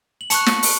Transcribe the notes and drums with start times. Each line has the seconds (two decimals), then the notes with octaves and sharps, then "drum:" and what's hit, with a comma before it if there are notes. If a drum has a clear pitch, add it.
0.21 F#7
0.30 A5 C#6 F#6 C#7 F7, drum: hi-hat
0.46 drum: snare
0.63 drum: open hi-hat